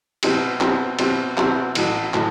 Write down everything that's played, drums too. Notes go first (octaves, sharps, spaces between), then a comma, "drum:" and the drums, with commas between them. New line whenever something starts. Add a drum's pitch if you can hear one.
B2 F#3 C4 E4 G4, drum: cymbal
B2 F#3 C4 E4 G4, drum: clap
B2 F#3 C4 E4 G4, drum: cymbal
B2 F#3 C4 E4 G4, drum: clap
A1 A2 F#3, drum: cymbal
A2 F#3, drum: clap